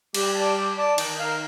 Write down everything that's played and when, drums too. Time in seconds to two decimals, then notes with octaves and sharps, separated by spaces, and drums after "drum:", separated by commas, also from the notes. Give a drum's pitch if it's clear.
0.14 G3 G4, drum: cymbal
0.35 A5
0.40 D5
0.56 G4
0.77 D5 A5
0.98 D#3 D#4, drum: cymbal
1.19 A#4 F5